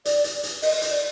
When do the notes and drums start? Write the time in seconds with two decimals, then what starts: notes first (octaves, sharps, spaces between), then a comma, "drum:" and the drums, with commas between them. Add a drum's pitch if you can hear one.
0.05 D5, drum: hi-hat
0.24 drum: hi-hat
0.43 drum: hi-hat
0.62 D#5, drum: open hi-hat
0.82 drum: hi-hat
0.91 D5